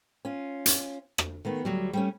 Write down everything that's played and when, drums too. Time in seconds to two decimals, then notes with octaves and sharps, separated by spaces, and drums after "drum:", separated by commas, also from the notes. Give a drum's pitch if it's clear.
0.25 C#4 F4
0.66 drum: hi-hat
1.18 drum: rim click
1.45 D#3 A3 B3
1.65 D2 F#3 G3
1.93 G3 A3 C#4